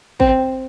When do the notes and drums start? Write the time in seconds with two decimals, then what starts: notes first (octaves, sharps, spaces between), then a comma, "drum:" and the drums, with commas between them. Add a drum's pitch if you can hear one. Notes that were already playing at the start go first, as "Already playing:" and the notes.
0.20 C4, drum: kick